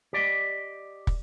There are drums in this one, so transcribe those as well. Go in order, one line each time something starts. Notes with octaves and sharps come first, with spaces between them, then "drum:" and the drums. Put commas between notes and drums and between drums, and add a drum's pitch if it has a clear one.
G4 D5 D#5
drum: kick